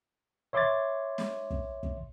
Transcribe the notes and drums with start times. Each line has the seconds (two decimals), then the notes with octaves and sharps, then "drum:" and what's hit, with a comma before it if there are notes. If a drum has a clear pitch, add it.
0.53 C#5 E5 C6 D6 G#6 A6
1.18 drum: snare
1.50 drum: kick
1.83 drum: kick